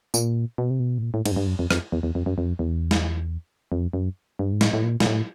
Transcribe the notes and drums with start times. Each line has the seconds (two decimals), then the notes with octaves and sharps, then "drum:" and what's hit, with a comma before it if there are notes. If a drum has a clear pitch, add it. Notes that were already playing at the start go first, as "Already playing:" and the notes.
0.14 A#2, drum: tambourine
0.58 B2
0.70 C3
0.80 B2
0.98 A2
1.03 A#2
1.14 A2
1.26 G#2, drum: cymbal
1.32 F#2
1.36 G2
1.47 F#2
1.59 F2
1.71 F2, drum: rim click
1.92 E2
2.03 E2
2.15 F2
2.26 F#2
2.38 F2
2.59 E2
2.91 drum: snare
3.72 F2
3.93 F#2
4.39 G2
4.53 G#2
4.61 A2, drum: snare
4.73 A2
4.84 A#2
5.00 A#2, drum: snare
5.06 A2